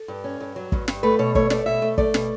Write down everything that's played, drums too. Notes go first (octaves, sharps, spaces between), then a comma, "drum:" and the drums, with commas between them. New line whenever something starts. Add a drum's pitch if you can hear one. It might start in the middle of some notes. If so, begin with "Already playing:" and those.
Already playing: A4
G2
C#4
G2
F#3
G2, drum: kick
G2, drum: snare
A3 B4
B2 C#5
A3 C#5, drum: kick
A3 D5, drum: snare
B2 E5
A3
A3 D5, drum: kick
B2, drum: snare